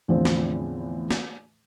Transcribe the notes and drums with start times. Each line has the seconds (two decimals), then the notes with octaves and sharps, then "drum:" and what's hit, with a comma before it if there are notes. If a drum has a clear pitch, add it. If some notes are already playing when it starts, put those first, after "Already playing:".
0.08 E2 A2 D3 F3 C4
0.25 drum: snare
1.11 drum: snare